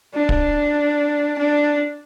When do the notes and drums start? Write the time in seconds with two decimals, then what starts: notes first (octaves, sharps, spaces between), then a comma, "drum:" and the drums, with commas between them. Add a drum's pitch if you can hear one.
0.15 D4
0.29 drum: kick
1.39 D4